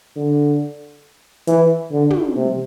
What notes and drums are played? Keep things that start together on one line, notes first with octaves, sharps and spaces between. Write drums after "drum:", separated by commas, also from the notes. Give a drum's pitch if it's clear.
D3
E3, drum: hi-hat
D3
drum: tom
C3